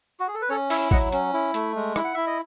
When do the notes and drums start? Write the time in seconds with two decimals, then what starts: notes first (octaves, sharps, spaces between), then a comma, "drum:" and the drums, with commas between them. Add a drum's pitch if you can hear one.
0.20 F#4
0.28 G#4
0.34 A4
0.42 B4
0.49 C#4 A4 C#5
0.70 E4 C#5 E5, drum: open hi-hat
0.91 F#3 D#5 F#5, drum: kick A1
1.12 C#4, drum: hi-hat
1.33 E4
1.54 A3, drum: hi-hat
1.76 G#3
1.96 E4, drum: rim click
2.04 F#5
2.14 E4 E5
2.27 D#5